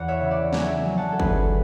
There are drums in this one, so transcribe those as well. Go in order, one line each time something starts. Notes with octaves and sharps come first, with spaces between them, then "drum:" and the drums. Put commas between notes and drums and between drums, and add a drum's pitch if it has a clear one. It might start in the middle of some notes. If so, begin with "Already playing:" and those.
Already playing: E2 F#5
C#5 E5
C#3
D5 F#5
F#3 E5 G#5, drum: snare
F#3
F#5 A5
A4
D2 G#4 B4, drum: kick G1